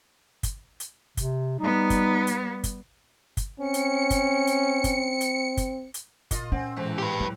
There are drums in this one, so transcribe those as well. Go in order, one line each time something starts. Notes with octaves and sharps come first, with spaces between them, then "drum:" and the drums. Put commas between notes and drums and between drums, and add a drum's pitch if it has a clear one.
drum: kick, hi-hat
drum: hi-hat
C3, drum: kick, hi-hat
G3 B3 D#4
drum: kick, hi-hat
drum: hi-hat
drum: kick, hi-hat
drum: kick, hi-hat
C4 C#4 C#7
drum: hi-hat
drum: kick, hi-hat
drum: hi-hat
drum: kick, hi-hat
drum: hi-hat
drum: kick, hi-hat
drum: hi-hat
A#2 F4 D#5, drum: kick, hi-hat
C4 C#4 F#5 G#5
E2 A2 E3 G#3 C4 C5
G4 B4
F#3